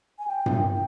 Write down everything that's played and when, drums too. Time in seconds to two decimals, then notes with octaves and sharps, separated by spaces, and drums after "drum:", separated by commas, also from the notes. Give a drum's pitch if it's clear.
0.19 G#5
0.28 G5
0.46 drum: tom G2
0.70 G5